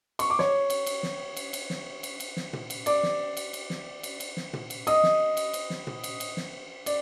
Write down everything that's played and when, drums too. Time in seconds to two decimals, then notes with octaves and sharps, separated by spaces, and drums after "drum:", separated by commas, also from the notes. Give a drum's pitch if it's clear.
0.19 C#6, drum: cymbal
0.30 D6
0.39 C#5 C#6, drum: snare
0.70 drum: cymbal
0.86 drum: cymbal
1.03 drum: snare
1.37 drum: cymbal
1.53 drum: cymbal
1.70 drum: snare
2.03 drum: cymbal
2.20 drum: cymbal
2.37 drum: snare
2.53 drum: tom
2.70 drum: cymbal
2.86 D5 D6, drum: cymbal
3.03 drum: snare
3.37 drum: cymbal
3.53 drum: cymbal
3.70 drum: snare
4.03 drum: cymbal
4.20 drum: cymbal
4.37 drum: snare
4.53 drum: tom
4.70 drum: cymbal
4.87 D#5 D#6, drum: cymbal
5.03 drum: snare
5.37 drum: cymbal
5.54 drum: cymbal
5.70 drum: snare
5.87 drum: tom
6.04 drum: cymbal
6.20 drum: cymbal
6.37 drum: snare
6.86 D5, drum: cymbal